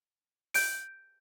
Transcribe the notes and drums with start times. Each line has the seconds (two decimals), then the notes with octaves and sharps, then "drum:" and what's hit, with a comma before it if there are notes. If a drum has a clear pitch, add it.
0.54 G6 D7, drum: open hi-hat